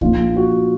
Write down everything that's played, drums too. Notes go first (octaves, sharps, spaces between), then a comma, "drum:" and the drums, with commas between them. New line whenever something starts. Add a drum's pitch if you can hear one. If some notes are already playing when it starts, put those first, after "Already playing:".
A#1 A#2 F3 F4, drum: kick C2
F#4